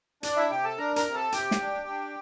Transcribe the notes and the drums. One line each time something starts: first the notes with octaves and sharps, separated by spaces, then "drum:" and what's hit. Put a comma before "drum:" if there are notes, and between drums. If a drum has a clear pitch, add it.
D4 D5, drum: hi-hat
E4 E5
C3 G4 G5
A4 A5
D4 A#4 A#5
A#4 A#5, drum: hi-hat
C3
A4 A5
C3 G4 G5, drum: hi-hat
drum: snare
D4
D4